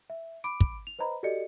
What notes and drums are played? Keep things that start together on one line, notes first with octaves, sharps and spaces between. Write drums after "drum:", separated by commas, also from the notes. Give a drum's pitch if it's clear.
E5
B5 D6 D7
drum: kick
F7
B4 C5 D#5 A#5 B5
F#4 G4 A4 D5 D#5 C#7